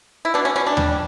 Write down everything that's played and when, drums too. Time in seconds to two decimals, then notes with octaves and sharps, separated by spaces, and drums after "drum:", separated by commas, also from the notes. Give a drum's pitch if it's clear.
0.25 E4
0.34 B2 D4
0.45 C#4
0.56 B2 C#4
0.67 D4
0.77 G3, drum: tom D#2